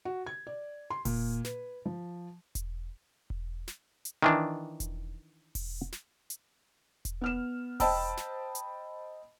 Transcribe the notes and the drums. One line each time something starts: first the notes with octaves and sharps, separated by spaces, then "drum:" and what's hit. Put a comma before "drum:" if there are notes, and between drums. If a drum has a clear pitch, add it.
F#4
G#6
D5
C6
A#2, drum: kick E1, open hi-hat
B4, drum: snare
F3
drum: kick E1, hi-hat
drum: kick E1
drum: snare
drum: hi-hat
D#3 E3 D4
drum: kick E1, hi-hat
drum: kick E1, open hi-hat
drum: snare
drum: hi-hat
drum: kick E1, hi-hat
B3 F6 E7
C5 D#5 G5 A5 B5 E6, drum: kick E1, open hi-hat
drum: snare
drum: hi-hat